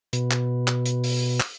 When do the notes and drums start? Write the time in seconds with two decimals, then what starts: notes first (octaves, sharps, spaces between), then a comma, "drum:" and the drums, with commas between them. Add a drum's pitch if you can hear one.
0.13 B2, drum: hi-hat
0.31 drum: clap
0.67 drum: clap
0.86 drum: hi-hat
1.04 drum: open hi-hat
1.40 drum: clap